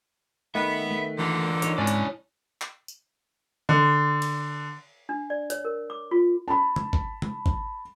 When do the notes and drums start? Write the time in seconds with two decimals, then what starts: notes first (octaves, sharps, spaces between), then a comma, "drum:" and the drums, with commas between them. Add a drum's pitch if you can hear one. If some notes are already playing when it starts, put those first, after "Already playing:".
0.55 D#3 A3 B3 E5
0.91 A3
1.19 A#2 D3 E3 D4
1.62 D#4 A4 C#5, drum: hi-hat
1.78 G#2 C3 C#4 D4 E4 D5
1.87 drum: hi-hat
2.61 drum: clap
2.88 drum: tambourine
3.69 D3
4.22 drum: cymbal
5.09 D4
5.30 D5
5.50 C#5, drum: hi-hat
5.65 A#4
5.90 D6
6.11 F4
6.48 A5 B5
6.76 drum: tom C3
6.93 drum: kick
7.22 drum: tom C3
7.46 drum: kick